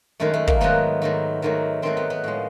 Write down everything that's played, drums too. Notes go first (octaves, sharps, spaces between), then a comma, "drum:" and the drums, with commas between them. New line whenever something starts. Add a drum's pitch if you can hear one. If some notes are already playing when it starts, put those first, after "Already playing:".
F#2 D#3 G#3 A3
A3
A#3, drum: kick
G#2 D#3 F#3 A3 B3
G#2 D#3 F#3 A3
G#2 D#3 F#3 A3
G#2 D#3 F#3 A3 C4
B3
B3
A2 F3 G#3